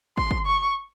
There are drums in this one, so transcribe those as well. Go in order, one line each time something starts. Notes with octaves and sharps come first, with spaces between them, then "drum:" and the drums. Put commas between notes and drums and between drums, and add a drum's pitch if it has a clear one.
C6, drum: kick
drum: kick
C#6